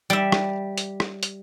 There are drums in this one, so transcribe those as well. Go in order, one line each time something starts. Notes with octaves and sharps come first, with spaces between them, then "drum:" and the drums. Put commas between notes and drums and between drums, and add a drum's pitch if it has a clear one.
G3 E5
drum: rim click
drum: hi-hat
drum: rim click
drum: hi-hat